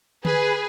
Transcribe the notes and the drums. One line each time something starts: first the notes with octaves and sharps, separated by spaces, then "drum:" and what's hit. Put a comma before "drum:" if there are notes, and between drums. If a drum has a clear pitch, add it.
G#4 B4, drum: tom D3